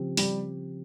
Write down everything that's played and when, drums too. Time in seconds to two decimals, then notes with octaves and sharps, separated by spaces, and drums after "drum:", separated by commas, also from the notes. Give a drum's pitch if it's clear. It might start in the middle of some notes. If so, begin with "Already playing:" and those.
Already playing: C#3 F3 C4 G4
0.17 G3, drum: open hi-hat